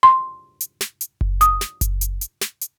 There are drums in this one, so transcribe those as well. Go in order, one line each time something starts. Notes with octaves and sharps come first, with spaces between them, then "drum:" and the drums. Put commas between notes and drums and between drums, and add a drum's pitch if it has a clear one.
C6
drum: hi-hat
drum: snare
drum: hi-hat
drum: kick F#1
D#6, drum: hi-hat
drum: snare
drum: kick F#1, hi-hat
drum: hi-hat
drum: hi-hat
drum: snare
drum: hi-hat